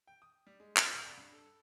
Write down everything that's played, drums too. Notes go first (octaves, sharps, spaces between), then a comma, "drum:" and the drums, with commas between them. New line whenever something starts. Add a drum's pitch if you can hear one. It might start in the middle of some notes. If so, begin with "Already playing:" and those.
G5
D#6
G3
G#3
D1, drum: clap
D#1
C2
G2
A4